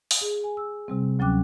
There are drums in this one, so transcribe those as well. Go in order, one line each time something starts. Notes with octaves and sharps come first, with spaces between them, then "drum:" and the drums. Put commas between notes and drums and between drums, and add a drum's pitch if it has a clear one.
drum: open hi-hat
G#4
G#5
E6
C3 G3 C4
D2 F#3 C#4 G5 D6 F#6